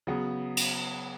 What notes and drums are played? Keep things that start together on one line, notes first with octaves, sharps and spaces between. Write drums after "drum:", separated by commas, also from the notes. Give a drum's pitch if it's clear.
C#3 F#3 B3
drum: cymbal